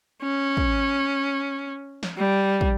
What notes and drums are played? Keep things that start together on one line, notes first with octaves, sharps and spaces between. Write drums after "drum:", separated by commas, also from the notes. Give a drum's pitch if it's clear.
C#4
drum: kick
drum: snare
G3
drum: kick